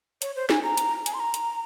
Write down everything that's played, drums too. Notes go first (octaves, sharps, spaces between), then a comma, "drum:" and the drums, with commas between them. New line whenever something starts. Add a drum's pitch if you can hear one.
C#5, drum: hi-hat
C5
G#5, drum: snare
A#5
drum: hi-hat
G#5, drum: hi-hat
C6
A#5
drum: hi-hat